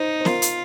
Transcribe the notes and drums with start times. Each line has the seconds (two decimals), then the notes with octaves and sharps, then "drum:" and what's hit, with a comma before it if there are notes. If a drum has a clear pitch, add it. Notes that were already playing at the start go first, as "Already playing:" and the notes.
Already playing: D#4 C5
0.21 C5
0.25 F4 A#4, drum: snare B3
0.42 drum: hi-hat